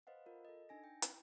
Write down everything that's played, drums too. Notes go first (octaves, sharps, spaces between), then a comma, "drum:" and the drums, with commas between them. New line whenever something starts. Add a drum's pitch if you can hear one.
B4 C5 D#5 F5 F#5
F4 A#4
A4 D#5
D4 D#4 G#5 A#6
G5
E4, drum: hi-hat